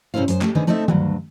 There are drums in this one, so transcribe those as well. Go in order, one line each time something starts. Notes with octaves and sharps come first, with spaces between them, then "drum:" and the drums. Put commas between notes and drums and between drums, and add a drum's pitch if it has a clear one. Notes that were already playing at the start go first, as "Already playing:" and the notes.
G#2 C3 C#4 E4 C5 F5
F#2 C5, drum: hi-hat
A3 G4, drum: clap
D3 D#3 C4 G#4 B4
A3 C4 D#4 A4 B4 E5
D2 G2 F#3, drum: tom